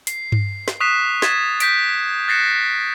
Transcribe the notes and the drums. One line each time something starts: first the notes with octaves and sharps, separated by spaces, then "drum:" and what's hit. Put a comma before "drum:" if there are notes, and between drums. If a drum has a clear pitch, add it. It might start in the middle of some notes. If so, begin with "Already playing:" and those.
C7, drum: hi-hat
drum: tom G2
drum: snare
C#6 D#6 F#6 B6 C7 E7
G#6 A6 B6 E7, drum: snare
G6 B6 D7, drum: hi-hat
F#6 A6 A#6 C7 C#7 E7